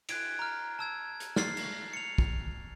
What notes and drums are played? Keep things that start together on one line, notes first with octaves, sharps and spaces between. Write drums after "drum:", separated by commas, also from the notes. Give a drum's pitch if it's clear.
F#6 G#6 D7, drum: cymbal
A#5 F6
A5 E6 G#6
drum: hi-hat
F6 A6 C7, drum: snare
drum: cymbal
C#7 F7
drum: kick